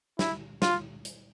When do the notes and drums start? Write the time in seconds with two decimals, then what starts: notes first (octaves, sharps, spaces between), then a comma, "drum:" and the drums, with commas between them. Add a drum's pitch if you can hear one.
0.19 E4, drum: snare
0.62 F4, drum: snare
1.05 drum: hi-hat